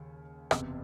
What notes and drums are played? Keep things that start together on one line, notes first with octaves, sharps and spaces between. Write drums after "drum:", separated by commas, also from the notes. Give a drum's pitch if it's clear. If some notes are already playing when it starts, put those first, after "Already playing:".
Already playing: D#2 C#3
F#1 E2 C3, drum: rim click